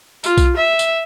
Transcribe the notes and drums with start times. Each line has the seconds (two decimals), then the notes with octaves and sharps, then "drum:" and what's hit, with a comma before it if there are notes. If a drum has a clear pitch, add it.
0.24 F4, drum: tambourine
0.38 drum: kick B1, tambourine
0.57 E5
0.79 drum: tambourine